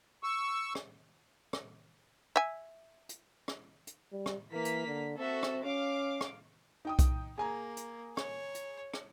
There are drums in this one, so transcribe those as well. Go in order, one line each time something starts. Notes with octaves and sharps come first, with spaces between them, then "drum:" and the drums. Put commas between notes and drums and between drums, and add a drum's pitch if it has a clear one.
C#6 E6
drum: rim click
drum: rim click
E5 G#5
drum: hi-hat
drum: rim click
drum: hi-hat
G3
drum: rim click
E3 A#3 B6
drum: hi-hat
D3
C4 F#4 A4 E5
drum: rim click
C#4 F5 D6
drum: rim click
D#4 G5 D#6
drum: kick B1, hi-hat
A#3 G#4 G#5 A#5
drum: hi-hat
C#5, drum: rim click
drum: hi-hat
drum: rim click